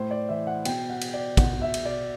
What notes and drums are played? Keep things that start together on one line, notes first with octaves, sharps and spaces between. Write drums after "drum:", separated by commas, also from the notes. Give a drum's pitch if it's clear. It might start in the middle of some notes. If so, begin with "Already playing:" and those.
Already playing: A2 C5
D5
E3 E5
F#5
B2 G5, drum: cymbal
F#5
drum: cymbal
D5
B2 F#5, drum: kick, cymbal
E5
drum: cymbal
D5